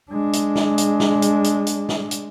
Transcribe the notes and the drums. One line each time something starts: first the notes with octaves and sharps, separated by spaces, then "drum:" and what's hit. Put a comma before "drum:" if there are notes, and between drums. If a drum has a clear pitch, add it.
G#3 D4
drum: hi-hat
drum: snare
drum: hi-hat
drum: snare
drum: hi-hat
drum: hi-hat
drum: hi-hat
drum: snare
drum: hi-hat